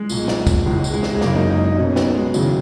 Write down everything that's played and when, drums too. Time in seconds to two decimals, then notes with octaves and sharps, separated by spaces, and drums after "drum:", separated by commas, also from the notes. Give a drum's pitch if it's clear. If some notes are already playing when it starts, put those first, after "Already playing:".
Already playing: G#3
0.09 B1 A#2, drum: tambourine
0.28 drum: snare
0.47 drum: kick, tambourine
0.65 C#2 C#3 E3 G#3
0.84 drum: tambourine
0.93 G#3
1.03 drum: snare
1.13 G#3
1.21 F#1 F#2 C#3 A#3, drum: snare
1.36 D#4
1.50 D#4
1.64 D#4
1.78 B1 B2 C#4
1.96 B3, drum: snare
2.15 G#3
2.34 D#2 C#3 E3 F#3, drum: tambourine